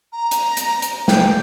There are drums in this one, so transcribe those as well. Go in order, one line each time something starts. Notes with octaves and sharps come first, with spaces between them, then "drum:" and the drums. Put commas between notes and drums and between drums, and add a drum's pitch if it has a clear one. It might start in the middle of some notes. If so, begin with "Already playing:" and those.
A#5
drum: hi-hat
drum: hi-hat
drum: hi-hat
G5, drum: snare